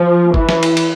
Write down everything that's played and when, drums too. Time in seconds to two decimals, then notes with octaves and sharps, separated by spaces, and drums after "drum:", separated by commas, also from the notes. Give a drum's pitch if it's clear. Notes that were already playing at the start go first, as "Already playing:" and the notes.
Already playing: F3
0.34 E3, drum: kick
0.49 drum: snare
0.63 drum: cymbal
0.77 drum: cymbal